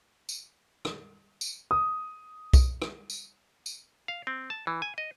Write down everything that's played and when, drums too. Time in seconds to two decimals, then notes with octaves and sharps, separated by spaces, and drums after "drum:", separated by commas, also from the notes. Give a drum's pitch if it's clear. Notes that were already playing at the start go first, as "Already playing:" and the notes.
0.29 drum: tambourine
0.85 drum: rim click
1.41 drum: tambourine
1.71 D#6
2.53 drum: kick B1, tambourine
2.82 drum: rim click
3.10 drum: tambourine
3.66 drum: tambourine
4.08 F5
4.27 C4
4.50 A5
4.67 E3
4.82 G#5
4.98 D#5